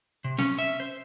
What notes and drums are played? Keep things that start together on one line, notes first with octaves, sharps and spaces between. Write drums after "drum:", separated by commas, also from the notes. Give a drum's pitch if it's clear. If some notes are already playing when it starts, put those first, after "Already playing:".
C3
C#4, drum: snare
E5
C5